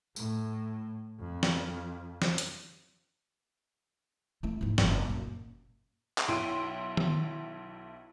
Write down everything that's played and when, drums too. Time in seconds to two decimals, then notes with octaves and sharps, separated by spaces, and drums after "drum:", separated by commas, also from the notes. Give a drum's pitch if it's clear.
0.16 A2, drum: tambourine
1.20 F2
1.43 drum: snare
2.22 drum: snare
2.38 drum: hi-hat
4.43 A3 E4
4.61 G#2 D#4
4.78 F#1, drum: snare
5.06 F#2 A#2
6.18 drum: clap
6.28 B1 E4 G5 C6 D7 D#7
6.97 drum: tom D#3